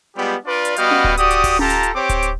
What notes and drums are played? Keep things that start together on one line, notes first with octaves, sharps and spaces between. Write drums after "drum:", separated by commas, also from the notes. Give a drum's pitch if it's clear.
G3 G#3 B3 F4 G4
D4 F4 B4 D5
drum: hi-hat
G3 B3 F#4 D#5 F5 G5, drum: hi-hat
drum: tom C#4
drum: kick D1
F#4 G4 D5 D#6, drum: hi-hat
drum: hi-hat
drum: kick D1, open hi-hat
F4 G4 A4 A5 A#5, drum: tom C#4
drum: hi-hat
drum: hi-hat
C4 G4 C#5 D6
drum: kick D1, hi-hat
drum: hi-hat